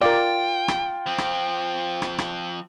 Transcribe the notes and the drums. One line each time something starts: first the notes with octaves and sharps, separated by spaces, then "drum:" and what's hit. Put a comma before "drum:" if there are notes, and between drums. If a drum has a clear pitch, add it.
F4 A#4 D5 G5
drum: rim click
F3 C4
drum: rim click
drum: rim click
drum: rim click